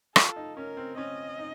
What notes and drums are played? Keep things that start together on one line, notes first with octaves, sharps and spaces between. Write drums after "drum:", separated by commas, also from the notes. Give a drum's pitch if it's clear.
F4 A4, drum: rim click
D#4
C#4 A#4
C4
C#4 D#5
D#4